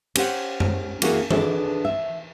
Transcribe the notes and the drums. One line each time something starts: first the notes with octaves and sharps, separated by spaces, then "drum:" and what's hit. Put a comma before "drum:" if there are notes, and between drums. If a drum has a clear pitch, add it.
C#4 G4 C5 F#5, drum: cymbal
drum: tom F#2
E3 A#3 C#4 F#4 G#4 A#4, drum: cymbal
B3 D4 G#4 A4, drum: tom E3
E5